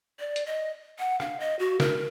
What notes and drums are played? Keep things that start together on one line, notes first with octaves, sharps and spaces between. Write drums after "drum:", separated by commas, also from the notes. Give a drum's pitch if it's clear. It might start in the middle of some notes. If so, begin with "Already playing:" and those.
D5
drum: hi-hat
D#5
F#5
F5, drum: rim click
D#5
F#4
A#4, drum: snare